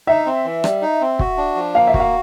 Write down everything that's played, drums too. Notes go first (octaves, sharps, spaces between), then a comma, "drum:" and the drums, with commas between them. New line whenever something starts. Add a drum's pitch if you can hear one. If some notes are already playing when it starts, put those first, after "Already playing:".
D#4 E5
C4
E3
G3, drum: rim click
D#4
C4
F#4, drum: kick
D4
F3
A#3 F5
E5
F#4, drum: kick
F5